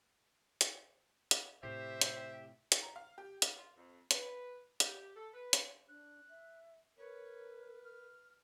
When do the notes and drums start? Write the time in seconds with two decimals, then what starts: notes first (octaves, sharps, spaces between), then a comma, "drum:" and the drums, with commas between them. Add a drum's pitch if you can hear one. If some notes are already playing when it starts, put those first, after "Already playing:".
0.61 drum: hi-hat
1.31 drum: hi-hat
1.63 A2 C3 G4 C5 E5
2.01 drum: hi-hat
2.72 drum: hi-hat
2.82 A#5
2.96 F5
3.18 G4
3.42 drum: hi-hat
3.55 F4
3.75 F2
4.11 B4, drum: hi-hat
4.80 G4, drum: hi-hat
5.15 A4
5.32 B4
5.53 drum: hi-hat
5.88 D4 F#6
6.29 E5
6.97 A#4 B4 C#5
7.84 F6